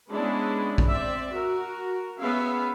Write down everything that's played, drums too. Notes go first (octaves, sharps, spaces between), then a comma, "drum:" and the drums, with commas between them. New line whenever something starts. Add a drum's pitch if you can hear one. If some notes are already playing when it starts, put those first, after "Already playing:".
G#3 B3 C#4 D4 E4 G#4
drum: kick A#1
C4 D5 E5
F#4 A#4
B3 C#4 G#4 E5 F5